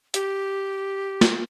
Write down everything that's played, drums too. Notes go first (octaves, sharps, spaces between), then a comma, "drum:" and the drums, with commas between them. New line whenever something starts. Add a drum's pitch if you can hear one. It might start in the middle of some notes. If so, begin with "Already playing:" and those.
G4, drum: hi-hat
drum: snare